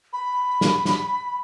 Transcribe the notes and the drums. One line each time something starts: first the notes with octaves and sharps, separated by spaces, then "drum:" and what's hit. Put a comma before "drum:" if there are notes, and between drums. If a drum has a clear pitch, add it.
B5
drum: snare
drum: snare